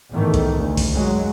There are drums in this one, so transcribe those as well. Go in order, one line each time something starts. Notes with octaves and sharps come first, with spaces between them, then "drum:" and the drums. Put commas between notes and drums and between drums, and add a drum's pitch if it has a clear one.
E2 G#2 D#3 A3
drum: kick B1, hi-hat
D2
drum: kick B1, open hi-hat
F#1 F#3 G#3